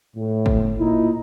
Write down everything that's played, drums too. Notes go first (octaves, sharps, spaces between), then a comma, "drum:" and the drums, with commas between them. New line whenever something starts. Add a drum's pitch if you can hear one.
A2
drum: kick
A#2 D#4 E4